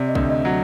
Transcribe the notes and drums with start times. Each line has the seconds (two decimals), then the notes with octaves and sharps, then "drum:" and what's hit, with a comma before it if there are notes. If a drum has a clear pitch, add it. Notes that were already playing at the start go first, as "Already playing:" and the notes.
Already playing: C3 D5
0.08 D#5
0.15 D2, drum: kick B1
0.30 D#5
0.45 F#3